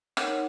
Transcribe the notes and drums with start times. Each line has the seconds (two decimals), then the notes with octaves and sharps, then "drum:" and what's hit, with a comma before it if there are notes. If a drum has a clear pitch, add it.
0.17 D#4 A#4 C#5 F#5, drum: rim click